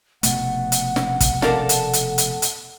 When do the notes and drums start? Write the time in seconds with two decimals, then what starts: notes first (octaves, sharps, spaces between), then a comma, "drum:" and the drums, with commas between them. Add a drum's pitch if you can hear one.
0.23 F1 B2 A3 F#5, drum: hi-hat
0.72 drum: hi-hat
0.96 drum: snare
1.20 drum: kick, hi-hat
1.42 A4 A#4 D5 F5 A5, drum: snare
1.69 drum: hi-hat
1.93 drum: hi-hat
2.18 drum: hi-hat
2.42 drum: hi-hat